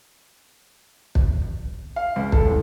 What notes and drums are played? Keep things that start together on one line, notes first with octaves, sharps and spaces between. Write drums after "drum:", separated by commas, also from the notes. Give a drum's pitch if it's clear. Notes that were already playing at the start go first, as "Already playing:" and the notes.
drum: kick
F5
C#2
A4, drum: kick
C2